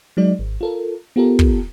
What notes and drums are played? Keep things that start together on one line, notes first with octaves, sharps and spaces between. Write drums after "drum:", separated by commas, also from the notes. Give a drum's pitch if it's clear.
F#3 G#3 D#4 D5
G#1
F4 A4 A#4
B3 F4 G4 A4 A#4
drum: kick